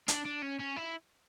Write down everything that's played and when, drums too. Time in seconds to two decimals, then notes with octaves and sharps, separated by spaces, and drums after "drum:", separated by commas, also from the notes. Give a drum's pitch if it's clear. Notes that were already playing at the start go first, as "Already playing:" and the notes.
0.08 D4, drum: hi-hat
0.25 D4
0.42 C#4
0.59 C#4
0.76 E4